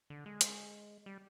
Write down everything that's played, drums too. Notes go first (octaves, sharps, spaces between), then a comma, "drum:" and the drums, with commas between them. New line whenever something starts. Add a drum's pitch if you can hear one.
D3
G#3
drum: hi-hat
G3